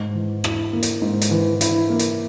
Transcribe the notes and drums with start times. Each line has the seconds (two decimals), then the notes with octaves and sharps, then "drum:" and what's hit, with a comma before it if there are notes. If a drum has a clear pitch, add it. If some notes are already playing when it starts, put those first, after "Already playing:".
Already playing: G#2
0.15 E3
0.44 E4, drum: rim click
0.73 A#3
0.83 drum: hi-hat
1.02 G#2
1.22 drum: hi-hat
1.31 E3
1.61 E4, drum: hi-hat
1.90 A#3
1.99 drum: hi-hat